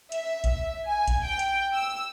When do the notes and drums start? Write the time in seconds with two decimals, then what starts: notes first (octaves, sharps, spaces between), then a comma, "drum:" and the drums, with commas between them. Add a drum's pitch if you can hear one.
0.12 E5, drum: hi-hat
0.44 drum: kick A#1, hi-hat
0.86 G#5
1.07 drum: kick A#1, hi-hat
1.25 G5
1.39 drum: hi-hat
1.74 E6